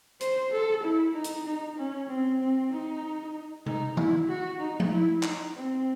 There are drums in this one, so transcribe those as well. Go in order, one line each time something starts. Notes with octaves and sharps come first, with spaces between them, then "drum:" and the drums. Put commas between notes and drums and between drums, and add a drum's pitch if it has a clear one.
C5, drum: hi-hat
A4
E4
D#4
drum: hi-hat
D#4
C#4
C4
C4
D#4
D#4, drum: tom C3
E4, drum: tom D#3
F#4
D#4
drum: tom F3
E4
D#4, drum: clap
C4